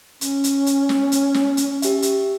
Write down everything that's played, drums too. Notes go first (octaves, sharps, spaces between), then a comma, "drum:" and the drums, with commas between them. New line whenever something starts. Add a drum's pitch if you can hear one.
C#4, drum: hi-hat
drum: hi-hat
drum: hi-hat
drum: snare
drum: hi-hat
drum: snare
drum: hi-hat
G4 E5, drum: hi-hat
drum: hi-hat